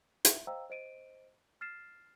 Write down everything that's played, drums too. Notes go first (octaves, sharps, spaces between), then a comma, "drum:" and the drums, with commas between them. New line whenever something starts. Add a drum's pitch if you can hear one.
E5, drum: hi-hat
C5 D#5 F5 G5 A#5 E6
C5 D#5 D7 D#7
F6 A6 C7 E7